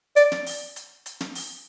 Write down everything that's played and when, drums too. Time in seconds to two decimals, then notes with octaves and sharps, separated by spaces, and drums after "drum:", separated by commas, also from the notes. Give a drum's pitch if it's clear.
0.16 D5, drum: hi-hat
0.32 drum: snare
0.46 drum: open hi-hat
0.76 drum: hi-hat
1.06 drum: hi-hat
1.20 drum: snare
1.35 drum: open hi-hat